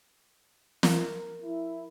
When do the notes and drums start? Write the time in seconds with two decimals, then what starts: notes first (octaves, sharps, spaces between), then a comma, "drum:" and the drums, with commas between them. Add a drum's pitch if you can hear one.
0.83 F3 A#4, drum: snare
1.44 E4